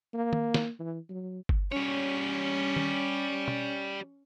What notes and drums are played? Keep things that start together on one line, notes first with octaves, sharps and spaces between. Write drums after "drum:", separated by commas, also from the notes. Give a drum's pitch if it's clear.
A#3
drum: tom D#3
drum: snare
E3
F#3
drum: kick G1
G3 C#4 C#5
drum: tom D#3
drum: tom B2